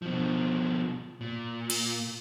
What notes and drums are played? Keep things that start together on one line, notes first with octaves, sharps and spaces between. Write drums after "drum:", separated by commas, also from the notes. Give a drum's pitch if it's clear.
B2 F3
A#2
drum: cymbal